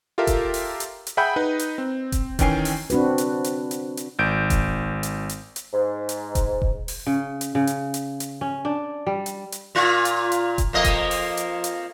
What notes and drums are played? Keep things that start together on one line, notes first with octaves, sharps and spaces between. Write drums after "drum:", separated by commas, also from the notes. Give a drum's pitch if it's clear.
F4 G4 A4 A#4 E5 F5
drum: kick E1, hi-hat
drum: open hi-hat
drum: hi-hat
drum: hi-hat
G#4 E5 F#5 G5 B5 G6
D#4 B4 D#5
drum: hi-hat
C4
drum: kick E1, hi-hat
D#3 E3 C#4 G5 G#5 C7, drum: kick E1, hi-hat
drum: open hi-hat
C4 D4 F#4 B4, drum: hi-hat
drum: hi-hat
drum: hi-hat
drum: hi-hat
drum: hi-hat
G#1 G6 D7
drum: kick E1, hi-hat
drum: hi-hat
drum: hi-hat
drum: hi-hat
G#2
drum: hi-hat
drum: kick E1, hi-hat
drum: kick E1
drum: open hi-hat
C#3
drum: hi-hat
C#3
drum: hi-hat
drum: hi-hat
drum: hi-hat
C#4
D4
G3
drum: hi-hat
drum: hi-hat
A#2 F4
drum: hi-hat
drum: hi-hat
drum: kick E1, hi-hat
F2 A#3 D#5
drum: kick E1, hi-hat
drum: open hi-hat
drum: hi-hat
drum: hi-hat